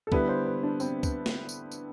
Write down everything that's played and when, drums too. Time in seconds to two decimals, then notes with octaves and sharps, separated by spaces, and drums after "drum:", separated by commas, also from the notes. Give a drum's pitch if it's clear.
0.07 A4
0.12 D3 G3 B3 E4 B4, drum: kick
0.29 C5
0.46 B4
0.63 D4
0.80 C4, drum: tambourine
1.03 drum: kick, tambourine
1.26 drum: snare
1.49 drum: tambourine
1.72 drum: tambourine